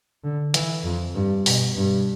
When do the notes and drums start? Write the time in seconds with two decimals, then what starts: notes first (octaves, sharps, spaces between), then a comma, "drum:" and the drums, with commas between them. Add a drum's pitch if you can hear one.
0.24 D3
0.54 E3, drum: hi-hat
0.84 F2
1.15 G2
1.46 B2, drum: open hi-hat
1.76 G2